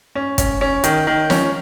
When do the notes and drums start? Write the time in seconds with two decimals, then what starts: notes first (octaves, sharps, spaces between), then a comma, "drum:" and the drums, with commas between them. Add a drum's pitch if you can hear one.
0.15 C#4
0.38 C#4, drum: kick, hi-hat
0.61 C#4
0.84 D#3, drum: hi-hat
1.07 D#3
1.30 C#4, drum: snare